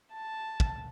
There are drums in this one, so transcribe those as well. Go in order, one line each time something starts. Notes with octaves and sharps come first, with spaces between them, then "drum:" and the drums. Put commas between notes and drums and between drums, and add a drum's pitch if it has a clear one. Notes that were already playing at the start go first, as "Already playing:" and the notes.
A5
drum: kick